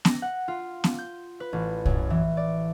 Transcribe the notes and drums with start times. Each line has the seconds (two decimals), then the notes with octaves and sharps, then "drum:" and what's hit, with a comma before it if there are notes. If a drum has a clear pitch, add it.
0.05 A#6, drum: snare B3
0.22 F#5
0.48 F4
0.84 drum: snare B3
0.98 G6
1.40 B4
1.53 A1
1.85 F#2, drum: kick B1
2.10 E3
2.37 D5